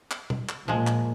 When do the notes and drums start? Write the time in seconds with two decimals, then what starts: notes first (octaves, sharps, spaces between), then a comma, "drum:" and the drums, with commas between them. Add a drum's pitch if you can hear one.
0.11 drum: clap
0.30 drum: tom B2
0.49 drum: clap
0.68 A#2 F3 G#3
0.87 drum: clap